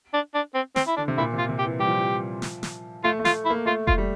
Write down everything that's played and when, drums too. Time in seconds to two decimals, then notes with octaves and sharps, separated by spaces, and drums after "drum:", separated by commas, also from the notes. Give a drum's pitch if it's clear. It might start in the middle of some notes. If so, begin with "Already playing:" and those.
0.14 D4
0.35 D4
0.55 C4
0.76 C4, drum: snare
0.87 E4
0.97 D3 D4
1.08 C3
1.18 A#2 E4
1.33 C3 F4
1.49 C3
1.59 G4
1.64 E3
1.79 G3 G4
1.87 F3
1.97 E3
2.04 F3
2.42 drum: snare
2.63 drum: snare
3.04 A3 F4
3.19 A3
3.25 F4, drum: snare
3.45 E4
3.50 A#3
3.66 A3 F4
3.87 F4, drum: kick F1
3.98 G3